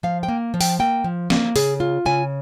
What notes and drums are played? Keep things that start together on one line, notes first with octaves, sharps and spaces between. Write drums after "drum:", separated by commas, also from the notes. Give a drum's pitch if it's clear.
F3 F5
G5
A#3
F3
G5, drum: open hi-hat
A#3 G5
F3
A#3, drum: snare
C#3 G#4, drum: open hi-hat
F4
C#3 G#5